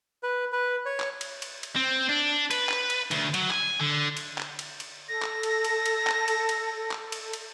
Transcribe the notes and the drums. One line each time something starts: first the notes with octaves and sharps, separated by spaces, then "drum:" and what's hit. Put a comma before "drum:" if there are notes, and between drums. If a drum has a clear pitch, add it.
B4
B4
C#5
drum: clap
drum: cymbal
drum: cymbal
drum: cymbal
C4
D4
B4, drum: cymbal
drum: clap
drum: cymbal
D2, drum: cymbal
F#3, drum: cymbal
G#5, drum: clap
D3
drum: cymbal
drum: clap
drum: cymbal
drum: cymbal
A4 A#6
drum: clap
drum: cymbal
drum: cymbal
drum: cymbal
drum: clap
drum: cymbal
drum: cymbal
drum: clap
drum: cymbal
drum: cymbal